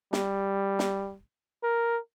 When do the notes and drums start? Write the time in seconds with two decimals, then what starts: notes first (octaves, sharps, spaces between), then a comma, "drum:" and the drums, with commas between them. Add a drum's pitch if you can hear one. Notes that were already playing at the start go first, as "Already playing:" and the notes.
0.13 G3, drum: snare
0.79 drum: snare
1.63 A#4